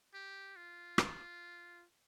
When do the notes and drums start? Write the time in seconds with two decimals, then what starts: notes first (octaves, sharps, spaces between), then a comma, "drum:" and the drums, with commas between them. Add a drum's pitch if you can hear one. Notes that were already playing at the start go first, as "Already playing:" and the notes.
0.14 G4
0.56 F4
0.98 drum: rim click